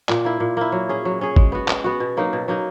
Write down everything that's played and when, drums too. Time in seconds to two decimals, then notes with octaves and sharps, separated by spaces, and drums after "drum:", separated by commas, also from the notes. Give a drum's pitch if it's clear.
0.09 A#2, drum: clap
0.25 A#3 E4
0.40 A#2
0.57 A#3 E4
0.72 F#3
0.89 C#4 G#4
1.05 F#3
1.21 C#4 G#4
1.36 G#3, drum: kick G#1
1.52 B3 F#4
1.68 G#3, drum: clap
1.84 B3 F#4
2.00 B2
2.17 F#3 A#3 D#4
2.33 B2
2.48 F#3 A#3 D#4